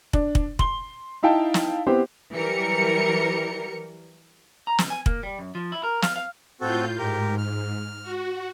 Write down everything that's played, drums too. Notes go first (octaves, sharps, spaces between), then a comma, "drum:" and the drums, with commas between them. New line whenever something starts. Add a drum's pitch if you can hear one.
D4, drum: kick
drum: kick
C6 G7, drum: kick
D#4 E4 F5 G5 A5
drum: snare
B3 C4 E4 G4 C5
E3 F#3 G3 A#4 C#7
A#5
C#2, drum: snare
G#5
A#3, drum: kick
G3
F#2
F3
E4
A#4
F5, drum: snare
F5
A2 C4 F4 F#4 A4 G6
G#2 G4 A#4
F6
F#4